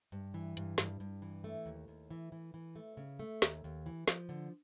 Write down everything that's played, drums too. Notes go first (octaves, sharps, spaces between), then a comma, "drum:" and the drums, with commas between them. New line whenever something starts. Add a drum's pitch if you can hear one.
G2
E3
G2, drum: hi-hat
G2, drum: snare
G2
E3
A3
D#2
D#2
E3
E3
E3
A3
C#3
A3
D#2, drum: snare
D#2
E3
F3, drum: snare
D3